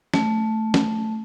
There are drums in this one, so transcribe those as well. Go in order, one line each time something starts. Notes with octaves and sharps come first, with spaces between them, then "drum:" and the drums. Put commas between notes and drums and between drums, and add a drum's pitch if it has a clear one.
A3, drum: snare
drum: snare